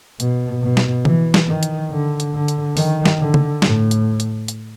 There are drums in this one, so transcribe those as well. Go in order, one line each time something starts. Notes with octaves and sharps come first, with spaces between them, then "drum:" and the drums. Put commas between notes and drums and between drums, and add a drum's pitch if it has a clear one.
B2, drum: hi-hat
B2
drum: snare
E3, drum: tom C#3
drum: snare
D#3
drum: hi-hat
D3
drum: hi-hat
D3
drum: hi-hat
D#3, drum: open hi-hat
drum: snare
D3
drum: tom C#3
A2, drum: snare
drum: hi-hat
drum: hi-hat
drum: hi-hat